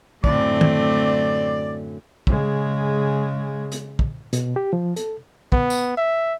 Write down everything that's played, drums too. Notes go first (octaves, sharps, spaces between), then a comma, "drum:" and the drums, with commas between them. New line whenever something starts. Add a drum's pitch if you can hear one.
F#2 A2 D3 A3 C4 D5, drum: kick
drum: tom
C#3 G#3, drum: kick
drum: hi-hat
drum: kick
B2, drum: hi-hat
G4
F3
A4, drum: hi-hat
B3, drum: kick
drum: tambourine
E5